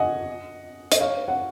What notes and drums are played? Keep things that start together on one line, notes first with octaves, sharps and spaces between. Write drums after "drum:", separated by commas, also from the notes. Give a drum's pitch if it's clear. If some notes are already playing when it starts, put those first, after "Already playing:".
Already playing: D#5 F#5 G#5
D#5, drum: hi-hat
C#5 F5
F#5